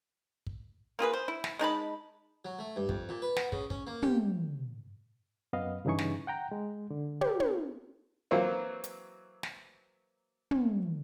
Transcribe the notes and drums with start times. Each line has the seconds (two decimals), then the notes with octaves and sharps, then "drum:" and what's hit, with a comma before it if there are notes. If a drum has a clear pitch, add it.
0.47 drum: kick
0.99 A#3 F4 G#4 B4
1.13 C5
1.28 E4
1.44 drum: snare
1.59 G#3 D#4 A5 B5
2.45 F#3
2.59 A3
2.76 G2
2.89 F2, drum: kick
3.09 A#2
3.22 B4
3.36 B3, drum: snare
3.52 C#3, drum: kick
3.70 C#4, drum: kick
3.87 A#3
4.02 G4, drum: tom
5.53 F#2 B3 D#5 F5
5.85 G2 C#3 E3 D#4 G#4 C#6
5.98 drum: snare
6.27 F#5 G5 A#5
6.52 G#3
6.90 D3
7.21 G4, drum: tom
7.40 drum: tom
8.31 E3 F#3 A#3 C4
8.84 drum: hi-hat
9.43 drum: snare
10.51 drum: tom